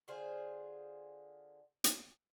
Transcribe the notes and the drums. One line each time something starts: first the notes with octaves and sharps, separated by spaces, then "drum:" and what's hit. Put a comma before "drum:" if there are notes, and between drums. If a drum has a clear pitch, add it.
D3 F4 G#4 C5
drum: hi-hat